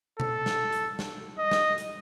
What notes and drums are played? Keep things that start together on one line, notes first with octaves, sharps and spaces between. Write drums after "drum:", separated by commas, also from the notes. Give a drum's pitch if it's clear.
A4, drum: tom B2
drum: snare
drum: hi-hat
drum: snare
D#5
drum: snare
drum: hi-hat